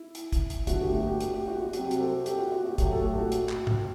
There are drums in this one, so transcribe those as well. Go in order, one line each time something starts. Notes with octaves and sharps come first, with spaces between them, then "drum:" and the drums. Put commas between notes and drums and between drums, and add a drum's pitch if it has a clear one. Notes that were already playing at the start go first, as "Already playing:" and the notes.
Already playing: E4
drum: hi-hat
drum: kick, hi-hat
drum: hi-hat
G1 G2 F#3 A3 F#4, drum: kick, hi-hat
G4
F#4
G4
drum: hi-hat
G4
F#4
F#4
C2 C3 F#3 C4 F#4 G4, drum: hi-hat
drum: hi-hat
A4
G4, drum: hi-hat
F#4
F#4
F#4
A2 F#3 A3 G4, drum: kick, hi-hat
A4
G4
F#4
drum: hi-hat
drum: clap
drum: tom A2